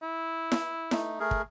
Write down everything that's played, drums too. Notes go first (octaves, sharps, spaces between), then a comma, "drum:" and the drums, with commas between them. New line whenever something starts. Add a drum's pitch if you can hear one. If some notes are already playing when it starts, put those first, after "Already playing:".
E4
drum: snare E4
A3 D#4, drum: snare E4
A3 G#4 A#4
drum: kick